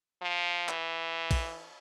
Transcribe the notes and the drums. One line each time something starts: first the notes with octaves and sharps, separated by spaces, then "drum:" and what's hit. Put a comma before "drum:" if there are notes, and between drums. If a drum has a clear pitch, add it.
F3
E3, drum: clap
drum: kick, cymbal